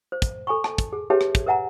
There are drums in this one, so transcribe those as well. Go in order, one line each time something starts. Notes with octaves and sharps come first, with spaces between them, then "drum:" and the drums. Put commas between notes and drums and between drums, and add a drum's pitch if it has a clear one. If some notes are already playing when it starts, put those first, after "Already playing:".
C5
drum: kick, hi-hat
A4 G#5 B5 C#6
A5, drum: rim click
drum: kick, hi-hat
G#4
G4 G#4 B4 C#5 E5 A5
drum: rim click
drum: kick, hi-hat
A#4 B4 E5 F#5 G#5 A#5